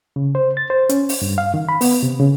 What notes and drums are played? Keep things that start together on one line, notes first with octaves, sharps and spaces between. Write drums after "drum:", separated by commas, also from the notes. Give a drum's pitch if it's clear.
C#3
C5
A6
C5
C#4, drum: hi-hat
drum: open hi-hat
G2
F5
D#3
B5
B3, drum: open hi-hat
C3
C#3